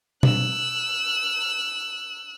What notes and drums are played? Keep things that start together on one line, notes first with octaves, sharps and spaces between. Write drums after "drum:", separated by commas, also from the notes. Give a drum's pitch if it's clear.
E6 F#6, drum: tom B2